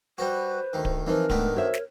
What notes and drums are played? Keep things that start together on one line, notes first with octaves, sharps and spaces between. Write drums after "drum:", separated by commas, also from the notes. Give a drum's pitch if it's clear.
G3 F#4 B4 C5
D2 D#3
drum: kick D1
E3 F3 C4 D#4 A#4
G#2 D3 D#3 A3 B3, drum: kick D1
F#4 C5 C#5 E5
drum: snare